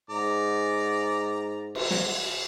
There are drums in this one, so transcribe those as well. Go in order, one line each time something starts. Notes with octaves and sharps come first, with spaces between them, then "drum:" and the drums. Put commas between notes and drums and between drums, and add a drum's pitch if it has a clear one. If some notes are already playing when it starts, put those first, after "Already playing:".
G#2 D5 A#5
drum: cymbal
drum: snare